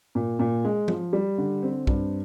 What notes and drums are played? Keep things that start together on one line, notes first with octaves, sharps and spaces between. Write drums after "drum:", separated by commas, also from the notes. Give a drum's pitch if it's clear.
A#2
A#2
G#3
F3, drum: tom
G3
D3
C4
G2, drum: kick